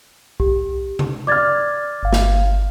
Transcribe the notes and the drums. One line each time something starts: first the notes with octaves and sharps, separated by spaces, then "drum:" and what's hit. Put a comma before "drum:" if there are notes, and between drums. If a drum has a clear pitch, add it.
G4, drum: kick
drum: tom C3
D5 D6 F6 G#6 A6
G1 F5
drum: snare